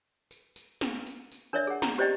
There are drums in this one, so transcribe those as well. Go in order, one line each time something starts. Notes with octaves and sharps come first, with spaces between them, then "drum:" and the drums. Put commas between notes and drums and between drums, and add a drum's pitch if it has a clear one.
drum: tambourine
drum: tambourine
drum: snare
drum: tambourine
drum: tambourine
D4 A#4 C#5 D5 E5
G#4 F#5
A#5, drum: snare
G4 C5 D5 D#5 G5